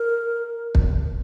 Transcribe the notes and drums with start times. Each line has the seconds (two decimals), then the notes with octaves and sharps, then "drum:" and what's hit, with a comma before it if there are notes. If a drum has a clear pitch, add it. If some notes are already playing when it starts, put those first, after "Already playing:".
Already playing: A#4
0.75 drum: kick